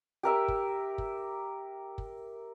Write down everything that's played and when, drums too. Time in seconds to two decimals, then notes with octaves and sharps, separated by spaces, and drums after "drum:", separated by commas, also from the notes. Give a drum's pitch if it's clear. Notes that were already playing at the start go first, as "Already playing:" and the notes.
0.23 G4 A#4 E5
0.48 drum: kick
0.98 drum: kick
1.98 drum: kick